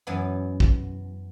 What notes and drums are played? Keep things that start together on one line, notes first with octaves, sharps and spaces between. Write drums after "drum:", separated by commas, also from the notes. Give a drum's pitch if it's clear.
F#2 E3 B3
drum: kick